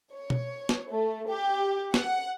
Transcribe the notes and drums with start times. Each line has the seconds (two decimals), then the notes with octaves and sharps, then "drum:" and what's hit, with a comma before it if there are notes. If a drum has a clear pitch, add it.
0.14 C#5
0.30 drum: tom B2
0.69 drum: snare
0.92 A3
1.28 G4
1.94 F#5, drum: snare